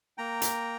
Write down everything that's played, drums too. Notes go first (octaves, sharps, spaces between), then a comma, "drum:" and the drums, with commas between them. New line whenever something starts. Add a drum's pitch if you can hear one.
A#3 G5 A#5
drum: hi-hat